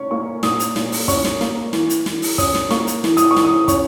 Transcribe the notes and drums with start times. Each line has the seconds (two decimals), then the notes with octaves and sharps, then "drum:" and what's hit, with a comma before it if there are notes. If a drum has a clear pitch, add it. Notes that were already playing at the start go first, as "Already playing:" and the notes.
Already playing: C#4 C#6
0.11 A#3 C#6
0.43 A#2 D#6, drum: snare
0.60 drum: hi-hat
0.76 A#2, drum: snare
0.92 drum: open hi-hat
1.08 C#4 C#6, drum: kick, hi-hat
1.25 drum: snare
1.41 A#3, drum: snare
1.73 E3, drum: snare
1.90 drum: hi-hat
2.06 E3, drum: snare
2.22 drum: open hi-hat
2.38 C#4 D#6, drum: kick, hi-hat
2.55 drum: snare
2.71 A#3 C#6, drum: snare
2.87 drum: hi-hat
3.04 E3, drum: snare
3.17 D#6, drum: hi-hat
3.31 C#6
3.36 E3, drum: snare
3.45 D#6
3.68 C#4 C#6, drum: kick, hi-hat